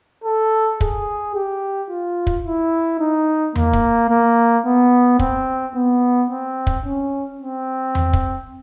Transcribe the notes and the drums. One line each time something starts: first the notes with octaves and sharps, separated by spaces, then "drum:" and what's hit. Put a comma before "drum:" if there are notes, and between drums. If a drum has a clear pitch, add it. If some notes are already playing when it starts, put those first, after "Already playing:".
A4
G#4, drum: kick
G4
F4
drum: kick
E4
D#4
A#3, drum: tom E2
drum: kick
A#3
B3
C4, drum: kick
B3
C4
drum: kick
C#4
C4
drum: tom E2
drum: kick